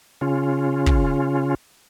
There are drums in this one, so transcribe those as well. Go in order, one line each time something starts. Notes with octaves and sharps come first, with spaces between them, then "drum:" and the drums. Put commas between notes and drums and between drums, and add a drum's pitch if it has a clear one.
C#3 C#4 F4
drum: kick